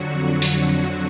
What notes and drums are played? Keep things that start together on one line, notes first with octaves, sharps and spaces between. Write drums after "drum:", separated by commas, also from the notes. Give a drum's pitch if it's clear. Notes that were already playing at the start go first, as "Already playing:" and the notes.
Already playing: F2 D3 F#3 F#4
drum: open hi-hat